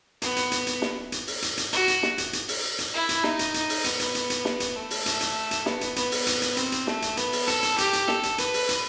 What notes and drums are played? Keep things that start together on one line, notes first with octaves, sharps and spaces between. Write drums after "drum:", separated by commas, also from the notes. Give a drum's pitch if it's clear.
B3, drum: hi-hat
drum: hi-hat
drum: hi-hat
drum: hi-hat
drum: snare
drum: hi-hat
drum: open hi-hat
drum: hi-hat
drum: hi-hat
F#4, drum: hi-hat
drum: hi-hat
drum: snare
drum: hi-hat
drum: hi-hat
drum: open hi-hat
drum: hi-hat
E4
drum: hi-hat
D#4, drum: snare
drum: hi-hat
drum: hi-hat
drum: open hi-hat
B3, drum: hi-hat
drum: hi-hat
drum: hi-hat
drum: hi-hat
drum: snare
drum: hi-hat
A3
drum: open hi-hat
A3, drum: hi-hat
drum: hi-hat
drum: hi-hat
B3, drum: snare
drum: hi-hat
B3, drum: hi-hat
drum: open hi-hat
drum: hi-hat
drum: hi-hat
C4, drum: hi-hat
drum: hi-hat
A3, drum: snare
drum: hi-hat
B3, drum: hi-hat
drum: open hi-hat
A4, drum: hi-hat
drum: hi-hat
G4, drum: hi-hat
drum: hi-hat
A4, drum: snare
drum: hi-hat
B4, drum: hi-hat
drum: open hi-hat
drum: hi-hat